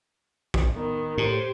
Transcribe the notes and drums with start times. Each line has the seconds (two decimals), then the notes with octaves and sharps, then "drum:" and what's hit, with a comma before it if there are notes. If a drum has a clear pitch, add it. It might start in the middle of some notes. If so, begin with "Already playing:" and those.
0.54 drum: kick
0.74 D#3 B3
1.18 A2 G4 C5